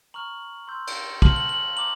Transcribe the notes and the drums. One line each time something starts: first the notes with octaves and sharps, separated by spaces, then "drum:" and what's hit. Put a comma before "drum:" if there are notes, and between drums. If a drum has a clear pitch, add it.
A#5 C#6 F6 F#7
C6 E6 G6
drum: cymbal
A5 C6 F6 F#7, drum: kick
F#7
F#7
A#5 D6 F#7